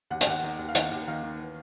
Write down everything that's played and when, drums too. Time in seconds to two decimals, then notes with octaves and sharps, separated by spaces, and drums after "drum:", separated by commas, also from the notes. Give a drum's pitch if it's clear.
0.11 D#2 F#5
0.21 G5, drum: hi-hat
0.27 D#2 F#5
0.43 D#3
0.59 D#2
0.68 F5
0.75 D#3 F#5, drum: hi-hat
0.91 D#2
1.07 D#3 F5
1.23 D#3
1.39 E3